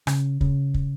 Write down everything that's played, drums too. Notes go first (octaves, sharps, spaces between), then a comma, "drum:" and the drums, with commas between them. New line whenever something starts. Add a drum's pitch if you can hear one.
C#3, drum: rim click
C#3, drum: kick
drum: kick